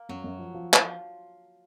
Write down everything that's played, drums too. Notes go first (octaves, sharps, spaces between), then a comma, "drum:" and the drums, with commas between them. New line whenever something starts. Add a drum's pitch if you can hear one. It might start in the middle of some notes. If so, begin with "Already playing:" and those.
Already playing: A#3
F#2 F#3
F#2
F3
F3
F3, drum: clap